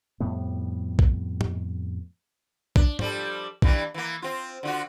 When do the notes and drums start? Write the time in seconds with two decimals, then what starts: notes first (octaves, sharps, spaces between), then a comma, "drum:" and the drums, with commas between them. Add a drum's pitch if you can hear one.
0.20 F2 A2 G3 B3
0.99 drum: kick B1
1.41 drum: tom
2.76 D4, drum: kick B1
2.99 F3 G3 A4, drum: tom
3.62 G2 E3 A#3, drum: kick B1
3.94 E3 A#3
4.22 C4 F4
4.63 D3 F4 F#4